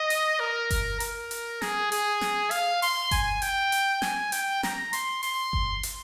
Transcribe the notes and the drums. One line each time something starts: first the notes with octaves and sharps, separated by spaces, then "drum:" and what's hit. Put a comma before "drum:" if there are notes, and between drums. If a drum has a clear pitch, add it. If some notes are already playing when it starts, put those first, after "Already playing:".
Already playing: D#5
drum: hi-hat
A#4
drum: kick G1, hi-hat
A#4, drum: hi-hat
drum: hi-hat
G#4, drum: snare
G#4, drum: hi-hat
drum: snare
F5, drum: hi-hat
C6, drum: open hi-hat
G#5, drum: kick G1, hi-hat
G5, drum: hi-hat
drum: hi-hat
G#5, drum: snare
G5, drum: hi-hat
A#5, drum: snare
C6, drum: hi-hat
C6, drum: open hi-hat
drum: kick G1
drum: hi-hat